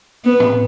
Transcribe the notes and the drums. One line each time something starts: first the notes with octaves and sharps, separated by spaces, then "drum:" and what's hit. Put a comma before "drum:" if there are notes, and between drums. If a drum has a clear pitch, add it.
B3
drum: tom A2